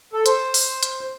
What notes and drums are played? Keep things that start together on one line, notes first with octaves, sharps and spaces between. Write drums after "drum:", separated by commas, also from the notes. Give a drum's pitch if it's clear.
A4
C5, drum: hi-hat
drum: open hi-hat
drum: hi-hat